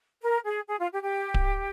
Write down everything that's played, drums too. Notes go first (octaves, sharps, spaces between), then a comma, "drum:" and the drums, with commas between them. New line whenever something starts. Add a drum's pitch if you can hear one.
A#4
G#4
G#4
F4
G4
G4
drum: kick D1